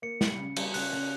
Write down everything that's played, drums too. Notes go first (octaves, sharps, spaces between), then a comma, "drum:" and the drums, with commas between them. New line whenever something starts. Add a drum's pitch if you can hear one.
A#3 C#7
G3, drum: snare
C#3
G3, drum: cymbal
C#3 F#6, drum: open hi-hat
C#3